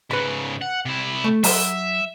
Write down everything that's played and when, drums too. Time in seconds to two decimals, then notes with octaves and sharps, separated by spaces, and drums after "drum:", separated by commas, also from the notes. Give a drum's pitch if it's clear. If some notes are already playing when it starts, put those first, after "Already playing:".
0.11 G#2 C#3 B4 B5
0.62 F#5
0.85 C3 E4
1.24 A3
1.44 F#3 E5, drum: open hi-hat